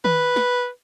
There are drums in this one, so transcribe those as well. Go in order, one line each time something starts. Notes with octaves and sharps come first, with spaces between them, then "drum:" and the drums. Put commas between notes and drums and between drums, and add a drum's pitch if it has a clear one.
B4, drum: tom D#3
drum: snare